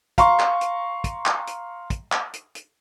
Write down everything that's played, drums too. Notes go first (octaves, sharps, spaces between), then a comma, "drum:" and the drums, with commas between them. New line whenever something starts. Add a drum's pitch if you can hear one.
F5 A#5 C6 C#6, drum: kick, hi-hat
drum: clap
drum: hi-hat
drum: kick, hi-hat
drum: clap
drum: hi-hat
drum: kick, hi-hat
drum: clap
drum: hi-hat
drum: hi-hat